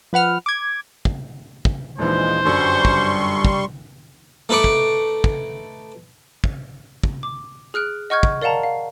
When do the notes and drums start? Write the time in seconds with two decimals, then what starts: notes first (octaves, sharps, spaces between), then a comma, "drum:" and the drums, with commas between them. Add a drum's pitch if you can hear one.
0.13 F3 B4 F#5 F6
0.46 D6 G#6
1.05 drum: kick
1.65 drum: kick
1.99 A#1 D#2 E3 F3 G#3 C5
2.45 G1 F#2 G3 C6 C#6
2.85 drum: kick
3.45 drum: kick
4.49 A3 D#4 B4 C#6 D6
4.64 drum: kick
5.24 drum: kick
6.44 drum: kick
7.04 drum: kick
7.23 D6
7.74 G#4 F6 F#6 D7
8.10 D#5 F#5 C#6 F6 G6 G#6
8.23 drum: kick
8.42 A#4 D5 F5 F#5 A5 A#5
8.63 F5